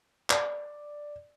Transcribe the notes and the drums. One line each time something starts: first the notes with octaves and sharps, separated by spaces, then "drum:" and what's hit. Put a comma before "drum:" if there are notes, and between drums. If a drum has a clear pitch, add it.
D5, drum: clap